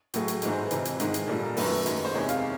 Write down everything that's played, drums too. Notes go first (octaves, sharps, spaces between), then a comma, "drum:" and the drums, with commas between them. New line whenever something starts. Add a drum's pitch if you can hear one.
A2 F#3 A3 G#4, drum: hi-hat
drum: hi-hat
G#2 E3 G#3 A#4, drum: hi-hat
C5
B4
F2 C3 E3 A#4, drum: hi-hat
drum: hi-hat
G#2 D#3 G#3, drum: hi-hat
drum: hi-hat
A#2 G3 A4
A#4
F#2 D#3 F#3 A3 B4, drum: open hi-hat
F#2 D#3 G#3, drum: hi-hat
C5
E2 C3 D#3 G#3 C#5
F5, drum: hi-hat